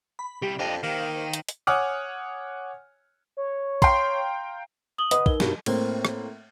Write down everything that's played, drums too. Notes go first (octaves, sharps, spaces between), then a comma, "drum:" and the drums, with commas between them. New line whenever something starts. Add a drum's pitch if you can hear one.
B5
C2 G3 G4
F2 D4 C5 D#5 F5 G5
D#3 A#3
drum: hi-hat
drum: hi-hat
C#5 F#5 G#5 D6 D#6 F6
C#5
F5 G5 A#5 C6, drum: kick
D#6 F#7 G7
B4 D#5 F#5 D#6, drum: hi-hat
D#4 A#4 G7, drum: kick
G2 B2, drum: snare
A2 A#3 C4, drum: cymbal
drum: rim click